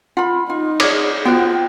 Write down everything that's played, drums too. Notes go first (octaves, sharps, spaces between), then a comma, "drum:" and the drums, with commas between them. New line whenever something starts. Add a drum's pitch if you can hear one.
F4 F#5 B5
D#4 F4
G#4 C#5 D5 D6, drum: cymbal
B3 F4 F#4 C5 G5